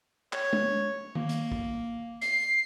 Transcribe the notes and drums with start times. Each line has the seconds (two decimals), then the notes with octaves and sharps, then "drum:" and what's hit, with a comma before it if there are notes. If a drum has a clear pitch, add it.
0.33 C#5, drum: clap
0.53 drum: tom
1.15 A#3, drum: tom D#3
1.29 drum: hi-hat
1.52 drum: kick
2.22 C7, drum: hi-hat